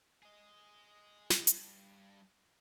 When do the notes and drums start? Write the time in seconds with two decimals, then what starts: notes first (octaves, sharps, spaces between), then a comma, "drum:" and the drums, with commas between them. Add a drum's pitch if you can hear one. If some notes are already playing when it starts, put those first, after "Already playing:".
0.22 G#4 D#5
1.30 drum: snare
1.47 G2, drum: hi-hat